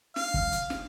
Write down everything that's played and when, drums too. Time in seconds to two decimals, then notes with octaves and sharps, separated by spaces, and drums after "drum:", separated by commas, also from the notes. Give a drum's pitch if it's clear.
0.16 F5, drum: snare
0.34 drum: kick
0.52 drum: hi-hat
0.70 drum: snare